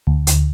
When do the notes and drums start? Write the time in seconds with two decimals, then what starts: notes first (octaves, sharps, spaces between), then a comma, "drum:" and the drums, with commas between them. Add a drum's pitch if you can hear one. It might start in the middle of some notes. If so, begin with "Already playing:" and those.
0.07 D2
0.27 drum: hi-hat